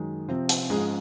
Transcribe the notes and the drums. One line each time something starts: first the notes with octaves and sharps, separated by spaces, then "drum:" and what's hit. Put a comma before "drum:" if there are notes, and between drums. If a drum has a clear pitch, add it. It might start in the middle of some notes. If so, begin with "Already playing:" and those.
Already playing: F#2 D#3 G#3
C3 F3 C4
drum: hi-hat
G#2 F3 G#3 C#4 G#4